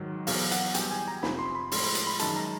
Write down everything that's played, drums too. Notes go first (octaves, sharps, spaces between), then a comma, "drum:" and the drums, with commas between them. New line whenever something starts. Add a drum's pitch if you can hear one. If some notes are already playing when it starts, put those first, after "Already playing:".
Already playing: G#2 D#3 F#3
E2 B2 F#3 F5, drum: open hi-hat
F#5, drum: hi-hat
E2 B2 G3 G5, drum: hi-hat
G#5
A#5
F2 C3 F3 B5, drum: snare
C6
B5
A2 F3 G#3 C6, drum: open hi-hat
B5
C6, drum: hi-hat
B5
F#2 D#3 G#3 A5, drum: hi-hat
A#5